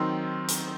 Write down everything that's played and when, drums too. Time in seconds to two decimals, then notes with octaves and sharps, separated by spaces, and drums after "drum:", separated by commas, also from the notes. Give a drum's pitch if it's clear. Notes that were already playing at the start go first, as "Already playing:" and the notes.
Already playing: D#3 F#3 C4 D#4 C6 E6
0.48 drum: hi-hat